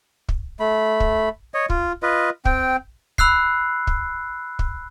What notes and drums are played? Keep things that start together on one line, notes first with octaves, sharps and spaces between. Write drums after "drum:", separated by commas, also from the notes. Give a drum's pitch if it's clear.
drum: kick
A3 B5
drum: kick
C#5 D#5
F4, drum: kick
F4 B4 D#5
C4 G5, drum: kick
B5 E6 F#6 C7, drum: kick
drum: kick
drum: kick